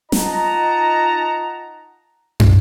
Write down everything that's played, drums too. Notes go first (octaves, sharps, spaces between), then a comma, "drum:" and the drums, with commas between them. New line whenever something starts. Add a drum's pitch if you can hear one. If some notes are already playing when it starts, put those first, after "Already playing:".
D#4 F4 D#5 F#5 A5 A#5, drum: snare
drum: tom